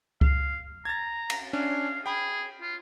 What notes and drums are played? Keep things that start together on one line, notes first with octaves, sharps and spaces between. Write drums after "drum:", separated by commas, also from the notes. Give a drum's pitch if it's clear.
F5, drum: kick C#2
A#5 G#6 A6
drum: cymbal
C#4 D4 F5
G#4 G5 B5
F4